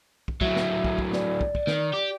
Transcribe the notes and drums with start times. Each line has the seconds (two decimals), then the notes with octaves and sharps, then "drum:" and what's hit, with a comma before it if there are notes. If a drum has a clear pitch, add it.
0.28 drum: kick
0.41 A2 F#3 E5, drum: kick
0.56 drum: snare
0.84 drum: kick
0.99 drum: kick
1.13 D5, drum: snare
1.41 drum: kick
1.55 drum: kick
1.67 D#3, drum: snare
1.94 G4